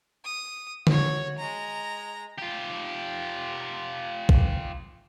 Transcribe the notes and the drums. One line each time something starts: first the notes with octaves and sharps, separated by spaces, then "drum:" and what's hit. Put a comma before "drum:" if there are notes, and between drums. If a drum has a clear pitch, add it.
D#6
F#4 C#5, drum: tom D3
G#3 A#5
F4 G4
drum: kick A#1